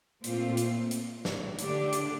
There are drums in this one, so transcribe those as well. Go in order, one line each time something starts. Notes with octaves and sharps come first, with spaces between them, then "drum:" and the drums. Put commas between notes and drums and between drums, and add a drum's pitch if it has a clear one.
A#2 A3 C4 F4, drum: hi-hat
drum: hi-hat
drum: hi-hat
drum: snare
D3 A3 D4 G4 D5, drum: hi-hat
drum: hi-hat